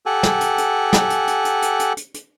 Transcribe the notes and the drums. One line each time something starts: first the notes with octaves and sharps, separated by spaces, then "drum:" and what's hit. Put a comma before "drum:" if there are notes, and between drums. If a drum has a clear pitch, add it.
G4 A4 F#5 G#5
drum: snare
drum: hi-hat
drum: hi-hat
drum: snare
drum: hi-hat
drum: hi-hat
drum: hi-hat
drum: hi-hat
drum: hi-hat
drum: hi-hat
drum: hi-hat